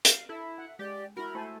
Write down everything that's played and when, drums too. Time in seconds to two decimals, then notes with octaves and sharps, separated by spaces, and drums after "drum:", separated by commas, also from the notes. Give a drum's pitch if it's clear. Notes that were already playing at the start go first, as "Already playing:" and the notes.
0.05 F5, drum: hi-hat
0.29 E4 A4 E5
0.58 F#5
0.79 G#3 G4 D5
1.17 E4 F#4 A#4 B5
1.35 A3 E4 C5 G#5